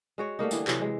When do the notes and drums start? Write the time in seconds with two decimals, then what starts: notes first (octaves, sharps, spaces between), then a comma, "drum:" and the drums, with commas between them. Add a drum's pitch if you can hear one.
0.18 G#3 F#4 C#5
0.39 G3 A3 A#3 D#4
0.51 D3 E3 B3, drum: tambourine
0.68 C3 E3 F#3, drum: clap
0.81 G#3